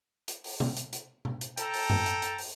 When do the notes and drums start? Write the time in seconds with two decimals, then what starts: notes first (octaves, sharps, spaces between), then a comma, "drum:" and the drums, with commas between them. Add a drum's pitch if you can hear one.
0.28 drum: hi-hat
0.44 drum: open hi-hat
0.60 drum: tom B2
0.76 drum: hi-hat
0.93 drum: hi-hat
1.25 drum: tom B2
1.41 drum: hi-hat
1.57 A4 G5 A5 A#5, drum: hi-hat
1.73 drum: open hi-hat
1.90 drum: tom F#2
2.06 drum: hi-hat
2.22 drum: hi-hat
2.38 drum: open hi-hat